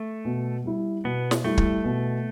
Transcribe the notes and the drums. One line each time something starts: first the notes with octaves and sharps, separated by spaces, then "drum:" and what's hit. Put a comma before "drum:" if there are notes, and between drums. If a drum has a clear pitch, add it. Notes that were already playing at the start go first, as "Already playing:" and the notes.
Already playing: A3
B2
G3 E4
B2 B3
drum: snare
G3 A3 E4
drum: kick
B2